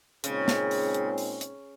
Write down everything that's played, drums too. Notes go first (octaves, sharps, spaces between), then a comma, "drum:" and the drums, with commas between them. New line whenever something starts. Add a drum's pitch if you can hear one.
A#2 C#3 G#3 C4 D#4 G#4, drum: hi-hat
drum: snare
drum: open hi-hat
drum: hi-hat
drum: open hi-hat
drum: hi-hat